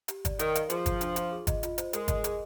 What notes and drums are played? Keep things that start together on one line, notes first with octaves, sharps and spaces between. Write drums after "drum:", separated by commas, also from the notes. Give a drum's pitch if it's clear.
G4, drum: hi-hat
D5, drum: kick, hi-hat
D#3 A#4, drum: hi-hat
F5, drum: hi-hat
F3 G#4, drum: hi-hat
C5, drum: kick, hi-hat
D4, drum: hi-hat
F4, drum: hi-hat
G#4
D#5, drum: kick, hi-hat
F4, drum: hi-hat
C5, drum: hi-hat
G#3 A#4, drum: hi-hat
D#5, drum: kick, hi-hat
G#4, drum: hi-hat